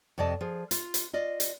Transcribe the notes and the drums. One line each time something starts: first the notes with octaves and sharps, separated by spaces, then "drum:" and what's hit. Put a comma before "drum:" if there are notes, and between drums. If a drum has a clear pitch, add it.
F2 C3 D5 D#5 A5
F3 G#4
F4, drum: hi-hat
drum: hi-hat
F4 D5 D#5
drum: hi-hat